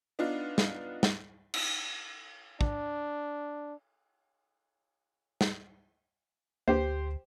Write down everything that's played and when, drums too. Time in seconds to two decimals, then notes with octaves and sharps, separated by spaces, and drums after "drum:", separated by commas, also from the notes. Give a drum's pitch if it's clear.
0.19 B3 D4 D#4 F4
0.58 drum: snare
1.03 drum: snare
1.54 drum: cymbal
2.61 D4, drum: kick
5.41 drum: snare
6.68 D2 A#3 D4 G4 B4 C5